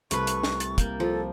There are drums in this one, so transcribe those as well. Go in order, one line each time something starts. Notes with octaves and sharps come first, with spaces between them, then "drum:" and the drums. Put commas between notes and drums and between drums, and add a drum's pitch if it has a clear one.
C2 A3 B4 C#6, drum: hi-hat
drum: hi-hat
drum: snare
A6, drum: hi-hat
A#3 G6, drum: kick, hi-hat
F3 A4